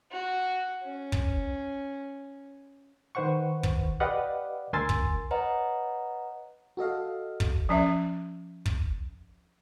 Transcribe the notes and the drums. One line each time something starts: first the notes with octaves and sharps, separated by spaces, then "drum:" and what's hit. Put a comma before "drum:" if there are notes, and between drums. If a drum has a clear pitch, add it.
F#4
C#4
drum: kick
D#3 B4 C5 F#5 C#6
drum: kick
G4 B4 D5 D#5 F5 F#5
D2 A#4 G#5 C6 E6 A6
drum: kick
B4 C#5 D#5 F#5 A#5
F#4 A4 D#5 F5
drum: kick
F3 C#4 E5
drum: kick